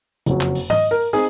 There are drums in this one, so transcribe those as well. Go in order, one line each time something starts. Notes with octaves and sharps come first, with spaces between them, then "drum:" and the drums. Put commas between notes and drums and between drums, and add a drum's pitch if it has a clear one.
F#1 F2 C#3 F#3, drum: hi-hat
drum: clap
drum: open hi-hat
D#5, drum: tom G#2
A#4
C4 D#4 G#4, drum: open hi-hat